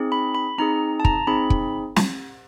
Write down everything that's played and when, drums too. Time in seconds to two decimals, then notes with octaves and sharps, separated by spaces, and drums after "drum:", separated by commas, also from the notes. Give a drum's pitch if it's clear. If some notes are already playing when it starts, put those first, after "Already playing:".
Already playing: C4 D#4 G#4
0.12 B5
0.35 B5
0.58 C4 D#4 G#4 A#5
1.00 A5
1.05 A#5, drum: kick
1.27 C4 D#4 G#4 B5
1.50 drum: kick
1.96 drum: snare